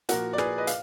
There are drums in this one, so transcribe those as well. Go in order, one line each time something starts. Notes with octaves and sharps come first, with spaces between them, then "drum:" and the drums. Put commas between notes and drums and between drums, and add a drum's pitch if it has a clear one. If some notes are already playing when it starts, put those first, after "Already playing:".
A#2 F3 A#3 F#4 A#4, drum: hi-hat
D5
G#4 B4, drum: rim click
B4 D#5
F5, drum: hi-hat